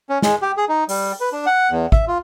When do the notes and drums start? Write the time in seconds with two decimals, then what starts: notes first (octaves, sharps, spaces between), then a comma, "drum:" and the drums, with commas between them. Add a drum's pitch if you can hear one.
0.10 C#4
0.22 G#3, drum: snare
0.42 G4
0.57 G#4
0.69 D#4
0.89 G3, drum: open hi-hat
1.21 B4
1.32 D4
1.46 F#5
1.71 E2
1.92 E5, drum: kick
2.08 F4